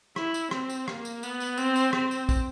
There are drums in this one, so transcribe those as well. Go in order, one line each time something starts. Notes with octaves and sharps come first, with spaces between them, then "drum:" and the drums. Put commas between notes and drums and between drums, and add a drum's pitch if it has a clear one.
E4, drum: rim click
drum: tambourine
C4, drum: rim click
drum: tambourine
A#3, drum: rim click
drum: tambourine
B3, drum: tambourine
drum: tambourine
C4, drum: tambourine
drum: tambourine
C4, drum: rim click
drum: tambourine
drum: kick, tambourine